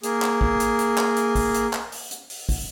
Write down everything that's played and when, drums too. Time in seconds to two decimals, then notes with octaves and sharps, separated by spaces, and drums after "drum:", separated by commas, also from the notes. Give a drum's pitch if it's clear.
0.03 A#3 G#4, drum: hi-hat
0.22 drum: clap
0.41 drum: kick
0.60 drum: hi-hat
0.79 drum: hi-hat
0.98 drum: clap
1.17 drum: hi-hat
1.35 drum: kick, open hi-hat
1.54 drum: hi-hat
1.73 drum: clap
1.92 drum: open hi-hat
2.11 drum: hi-hat
2.30 drum: open hi-hat
2.49 drum: kick, open hi-hat